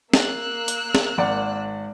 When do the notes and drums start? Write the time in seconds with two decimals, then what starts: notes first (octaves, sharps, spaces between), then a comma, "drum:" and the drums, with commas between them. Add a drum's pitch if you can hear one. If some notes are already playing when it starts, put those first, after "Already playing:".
0.14 A#3 E6 F#6, drum: snare
0.68 drum: hi-hat
0.95 drum: snare
1.18 G#1 D5 F#5